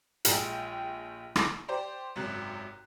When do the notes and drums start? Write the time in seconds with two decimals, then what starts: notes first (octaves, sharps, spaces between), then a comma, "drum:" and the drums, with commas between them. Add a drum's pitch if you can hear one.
0.25 A#1 G#3 G4 G5 G#5, drum: hi-hat
1.36 drum: rim click
1.68 G4 C5 D5
2.16 G#1 F#2 C3 F#6